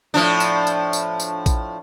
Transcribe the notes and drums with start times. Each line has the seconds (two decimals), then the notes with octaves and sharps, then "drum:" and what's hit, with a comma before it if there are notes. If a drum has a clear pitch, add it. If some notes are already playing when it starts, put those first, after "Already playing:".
0.14 A2 F3 D4
0.40 drum: tambourine
0.67 drum: tambourine
0.93 drum: tambourine
1.20 drum: tambourine
1.46 drum: kick, tambourine